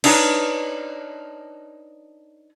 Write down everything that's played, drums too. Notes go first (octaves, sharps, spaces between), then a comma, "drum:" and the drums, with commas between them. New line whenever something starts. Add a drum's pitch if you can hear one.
D4 D#4 G4 G#4 B4 C#5, drum: cymbal